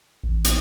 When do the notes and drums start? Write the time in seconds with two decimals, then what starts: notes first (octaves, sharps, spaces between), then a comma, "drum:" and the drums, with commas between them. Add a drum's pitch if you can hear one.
0.24 A1
0.44 drum: hi-hat